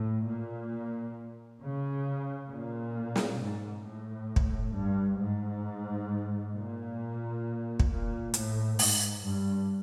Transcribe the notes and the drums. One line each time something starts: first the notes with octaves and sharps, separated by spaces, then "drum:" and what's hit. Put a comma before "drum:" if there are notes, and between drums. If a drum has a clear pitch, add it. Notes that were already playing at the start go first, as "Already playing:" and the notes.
Already playing: A2
A#2
C#3
A#2
drum: snare
G#2
A2
drum: kick
G2
G#2
A#2
drum: kick
A#2
A2, drum: hi-hat
G#2, drum: open hi-hat
G2